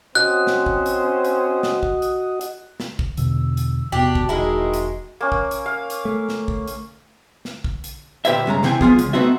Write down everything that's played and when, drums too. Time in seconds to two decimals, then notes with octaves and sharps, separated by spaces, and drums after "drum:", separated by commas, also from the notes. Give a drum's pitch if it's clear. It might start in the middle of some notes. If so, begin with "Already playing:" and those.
0.15 C4 C#4 F#4 C5 D#5 F#6
0.47 drum: snare
0.66 drum: kick
0.86 drum: hi-hat
1.25 drum: hi-hat
1.63 drum: snare
1.83 drum: kick
2.02 drum: hi-hat
2.41 drum: hi-hat
2.80 drum: snare
2.99 drum: kick
3.17 E2 B2 D3 E6, drum: hi-hat
3.57 drum: hi-hat
3.92 E2 C3 B3 D4 F#4 G4
4.15 drum: kick
4.29 E1 D#3 G#3 E4 A#4
4.74 drum: hi-hat
5.21 A#3 C#4
5.32 drum: kick
5.51 drum: hi-hat
5.66 F5
5.90 drum: hi-hat
6.05 A3
6.29 drum: snare
6.48 drum: kick
6.68 drum: hi-hat
7.45 drum: snare
7.64 drum: kick
7.84 drum: hi-hat
8.25 D2 A#2 G4 B4 C5 E5, drum: hi-hat
8.46 G2 C#3 G#3 A#5
8.63 C3 E3 C4 G5 G#5, drum: snare
8.81 F3 B3 F4 G#4, drum: kick
8.99 C#2, drum: hi-hat
9.13 A3 B3 C4 D#4 F#4 E5